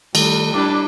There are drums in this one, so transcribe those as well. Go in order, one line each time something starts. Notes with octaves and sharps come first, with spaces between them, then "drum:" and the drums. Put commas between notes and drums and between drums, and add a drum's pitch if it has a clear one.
D#3 G3 A3 A4, drum: cymbal
G3 D4 E4 D6 F#6